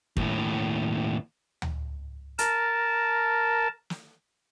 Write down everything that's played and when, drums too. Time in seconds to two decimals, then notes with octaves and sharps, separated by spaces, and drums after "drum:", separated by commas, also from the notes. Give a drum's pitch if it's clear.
0.17 D#2 A2, drum: kick
1.62 drum: tom D2
2.39 A#4 A5, drum: hi-hat
3.90 drum: snare